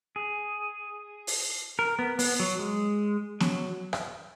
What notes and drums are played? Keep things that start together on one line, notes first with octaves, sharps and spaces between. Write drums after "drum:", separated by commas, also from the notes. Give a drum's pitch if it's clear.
G#4
drum: open hi-hat
A#4
B3
B3, drum: open hi-hat
F#3
G#3
F#3, drum: snare B3
drum: rim click